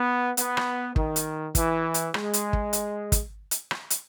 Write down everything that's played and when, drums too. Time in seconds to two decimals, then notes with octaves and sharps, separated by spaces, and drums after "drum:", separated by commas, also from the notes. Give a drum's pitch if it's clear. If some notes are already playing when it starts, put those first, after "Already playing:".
Already playing: B3
0.37 B3, drum: hi-hat
0.57 drum: rim click
0.96 D#3, drum: kick
1.16 drum: hi-hat
1.55 E3, drum: kick, hi-hat
1.94 drum: hi-hat
2.14 G#3, drum: rim click
2.33 drum: hi-hat
2.53 drum: kick
2.73 drum: hi-hat
3.12 drum: kick, hi-hat
3.51 drum: hi-hat
3.71 drum: rim click
3.90 drum: hi-hat